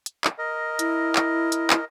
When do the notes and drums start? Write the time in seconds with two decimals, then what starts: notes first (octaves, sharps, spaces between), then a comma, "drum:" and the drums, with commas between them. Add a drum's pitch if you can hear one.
0.06 drum: hi-hat
0.24 drum: clap
0.38 A#4 D#5
0.79 E4, drum: hi-hat
1.16 drum: clap
1.52 drum: hi-hat
1.70 drum: clap